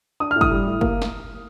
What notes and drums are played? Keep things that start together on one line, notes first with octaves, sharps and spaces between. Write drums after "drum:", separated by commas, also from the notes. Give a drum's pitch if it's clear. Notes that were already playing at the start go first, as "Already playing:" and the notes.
D4 D#6
A2 F6
D#6, drum: kick
G3
A2
A#3, drum: kick
drum: snare